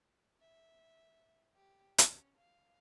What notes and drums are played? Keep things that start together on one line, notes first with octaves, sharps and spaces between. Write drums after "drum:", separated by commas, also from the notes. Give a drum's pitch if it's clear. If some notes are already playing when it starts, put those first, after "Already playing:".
E5
G4
C#4, drum: hi-hat
F5